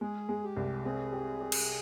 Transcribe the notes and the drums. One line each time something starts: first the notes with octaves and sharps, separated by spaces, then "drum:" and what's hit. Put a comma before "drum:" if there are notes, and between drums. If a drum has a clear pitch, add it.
G#3 G#4
G#3
G4
C2
C4 G#4
G4
G4
drum: cymbal